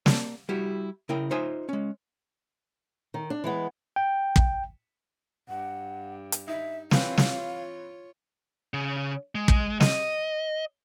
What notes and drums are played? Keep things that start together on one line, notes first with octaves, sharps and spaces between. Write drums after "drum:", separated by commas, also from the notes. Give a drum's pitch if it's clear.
A#3 D5 A5, drum: snare
G3 E4 F#4 G4
C#3 E4 A#4 G5
D#4 F4 C5 D#5 E5 G#5
G#3 C#4
D#3
D4
E3 G#3 B3
G5
drum: kick
G2 F#5
drum: hi-hat
D#4 E5
E3 C4 F4 B4 C#5 F5, drum: snare
drum: snare
C#3
G#3
drum: kick
D#5, drum: snare